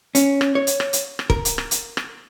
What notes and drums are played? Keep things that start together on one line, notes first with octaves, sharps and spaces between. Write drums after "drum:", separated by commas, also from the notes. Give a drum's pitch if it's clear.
C#4, drum: hi-hat
drum: rim click
C#5
drum: hi-hat
drum: rim click
drum: hi-hat
drum: rim click
A#4, drum: kick
drum: hi-hat
drum: rim click
drum: hi-hat
drum: rim click